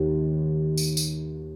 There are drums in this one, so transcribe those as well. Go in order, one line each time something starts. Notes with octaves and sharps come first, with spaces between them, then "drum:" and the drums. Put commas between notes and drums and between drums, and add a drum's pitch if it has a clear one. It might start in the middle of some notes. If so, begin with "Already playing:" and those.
Already playing: D#2
drum: tambourine
drum: tambourine